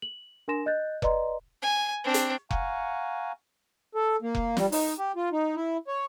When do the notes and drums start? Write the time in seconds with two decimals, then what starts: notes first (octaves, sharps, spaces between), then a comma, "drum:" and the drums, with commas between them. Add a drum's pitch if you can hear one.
0.02 F#7
0.48 D4 A#4 G#5 C6 A#6 E7
0.66 D#5 F#6 G6 A6
1.02 B4 D5 D#5 A#5 C6, drum: kick F1
1.62 G#5
2.04 C4 D4
2.14 drum: hi-hat
2.51 F5 F#5 G#5 A#5 C#6, drum: kick F1
3.95 A4
4.22 A#3
4.35 drum: kick F1
4.57 G3, drum: snare
4.72 D#4, drum: open hi-hat
4.99 G4
5.16 F4
5.32 D#4
5.56 E4
5.88 C#5